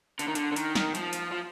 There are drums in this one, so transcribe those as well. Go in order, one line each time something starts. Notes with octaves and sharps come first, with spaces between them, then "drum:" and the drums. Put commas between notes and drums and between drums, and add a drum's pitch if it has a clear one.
D3, drum: hi-hat
D#3
D3, drum: hi-hat
D3
D#3, drum: hi-hat
drum: snare
F3, drum: hi-hat
drum: hi-hat
F3